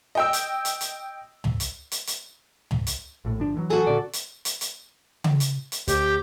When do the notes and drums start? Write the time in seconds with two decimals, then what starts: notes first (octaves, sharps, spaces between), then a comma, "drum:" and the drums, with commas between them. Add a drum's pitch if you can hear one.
0.15 D#5 G5 E6
0.33 drum: hi-hat
0.65 drum: hi-hat
0.81 drum: hi-hat
1.44 drum: tom
1.60 drum: hi-hat
1.92 drum: hi-hat
2.07 drum: hi-hat
2.71 drum: tom
2.87 drum: hi-hat
3.25 A#1 A2
3.38 G1 F3 D4
3.55 D2 E3 F#3
3.70 F#4 G#4 A4
3.87 A#2 D3 C#4 D5
4.13 drum: hi-hat
4.45 drum: hi-hat
4.61 drum: hi-hat
5.24 drum: tom C#3
5.40 drum: hi-hat
5.72 drum: hi-hat
5.88 D2 G4, drum: hi-hat